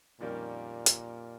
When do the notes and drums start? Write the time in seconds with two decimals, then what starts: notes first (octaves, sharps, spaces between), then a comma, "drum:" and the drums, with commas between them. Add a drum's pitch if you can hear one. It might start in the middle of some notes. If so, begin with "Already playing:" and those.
0.21 F2 A#2 D#3 G3 A#3 C#4
0.86 drum: hi-hat